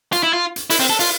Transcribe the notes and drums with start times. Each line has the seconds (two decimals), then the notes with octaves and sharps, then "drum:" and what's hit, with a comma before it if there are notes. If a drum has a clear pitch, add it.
0.12 F4, drum: hi-hat
0.23 E4
0.33 F4
0.56 drum: hi-hat
0.70 E4, drum: open hi-hat
0.80 C4
0.90 A4
1.00 F4, drum: open hi-hat